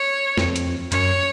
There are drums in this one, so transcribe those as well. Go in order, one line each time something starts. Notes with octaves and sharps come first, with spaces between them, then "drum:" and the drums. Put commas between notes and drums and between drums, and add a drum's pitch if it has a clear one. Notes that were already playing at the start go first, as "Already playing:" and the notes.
Already playing: C#5
F2, drum: snare
drum: hi-hat
F#2 C#5, drum: hi-hat